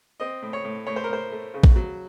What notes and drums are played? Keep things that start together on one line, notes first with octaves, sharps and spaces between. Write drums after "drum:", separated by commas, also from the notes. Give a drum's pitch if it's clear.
C4 D#5
A2
C#5
A2
A2 C#5
C5
A#4
A2 C5
A3
C#3
drum: kick
F#3